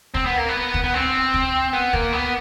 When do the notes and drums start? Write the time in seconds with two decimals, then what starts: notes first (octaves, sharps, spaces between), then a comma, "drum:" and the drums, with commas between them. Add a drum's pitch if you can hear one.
0.14 C4, drum: kick
0.26 B3
0.37 A#3
0.49 B3
0.74 drum: kick
0.84 B3
0.94 C4
1.34 drum: kick
1.73 B3
1.93 A#3, drum: kick
2.13 B3